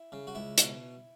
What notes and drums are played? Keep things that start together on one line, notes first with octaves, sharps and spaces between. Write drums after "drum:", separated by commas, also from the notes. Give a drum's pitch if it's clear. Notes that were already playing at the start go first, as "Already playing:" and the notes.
Already playing: E4
C#3
F#4
C#2 E4
B2, drum: hi-hat